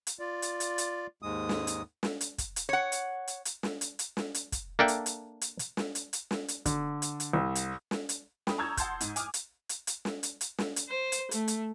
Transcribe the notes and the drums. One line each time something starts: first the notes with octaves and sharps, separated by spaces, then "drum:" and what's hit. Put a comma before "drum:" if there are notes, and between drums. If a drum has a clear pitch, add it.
drum: hi-hat
F4 D5
drum: hi-hat
drum: hi-hat
drum: hi-hat
D#2 G#2 G#3 D#6
drum: snare
drum: hi-hat
drum: snare
drum: hi-hat
drum: kick, hi-hat
drum: hi-hat
C#5 F#5
drum: hi-hat
drum: hi-hat
drum: hi-hat
drum: snare
drum: hi-hat
drum: hi-hat
drum: snare
drum: hi-hat
drum: kick, hi-hat
A#3 D4 A4 D5 E5 G5
drum: hi-hat
drum: hi-hat
drum: hi-hat
drum: hi-hat
drum: snare
drum: hi-hat
drum: hi-hat
drum: snare
drum: hi-hat
D3, drum: kick, hi-hat
drum: hi-hat
drum: hi-hat
C2
drum: hi-hat
drum: snare
drum: hi-hat
G5 B5 D#6, drum: snare
A5 A#5 C#6 E6 G6 G#6
F#5 A5 C6 G6, drum: kick, hi-hat
G#2, drum: hi-hat
G#5 D6 D#6 F6, drum: hi-hat
drum: hi-hat
drum: hi-hat
drum: hi-hat
drum: snare
drum: hi-hat
drum: hi-hat
drum: snare
drum: hi-hat
C5
drum: hi-hat
A3, drum: hi-hat
drum: hi-hat